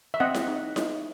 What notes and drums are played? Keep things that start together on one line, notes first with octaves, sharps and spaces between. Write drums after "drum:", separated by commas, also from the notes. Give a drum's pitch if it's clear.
E5
C4 D#5 F#5
drum: snare E4
D#4
D#4, drum: snare E4